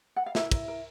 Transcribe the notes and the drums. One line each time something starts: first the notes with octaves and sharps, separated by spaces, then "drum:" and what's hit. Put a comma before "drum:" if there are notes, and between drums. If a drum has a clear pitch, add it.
F#5
F5
E4 A#4 E5, drum: snare
A#4, drum: kick, cymbal
A#4